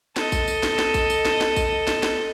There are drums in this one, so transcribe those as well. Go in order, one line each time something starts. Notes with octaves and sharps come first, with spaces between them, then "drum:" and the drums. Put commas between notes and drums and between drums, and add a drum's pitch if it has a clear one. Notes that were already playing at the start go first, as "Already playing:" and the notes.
A4 D#5, drum: snare
drum: kick A1, tambourine
drum: tambourine
drum: snare
drum: snare
drum: kick A1, tambourine
drum: tambourine
drum: snare
drum: snare
drum: kick A1, tambourine
drum: snare
drum: snare